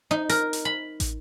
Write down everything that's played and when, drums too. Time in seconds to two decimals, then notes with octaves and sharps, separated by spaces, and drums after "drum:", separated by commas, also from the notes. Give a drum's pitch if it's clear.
0.11 D#4
0.29 A#4, drum: hi-hat
0.53 drum: hi-hat
0.65 B5
1.00 drum: kick, hi-hat